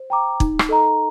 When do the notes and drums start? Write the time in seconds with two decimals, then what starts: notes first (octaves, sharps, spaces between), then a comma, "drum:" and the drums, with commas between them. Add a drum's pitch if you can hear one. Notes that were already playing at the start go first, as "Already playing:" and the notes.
Already playing: C5
0.10 G5 A#5 D6
0.40 D#4, drum: kick
0.59 drum: rim click
0.69 A4 D#5 A#5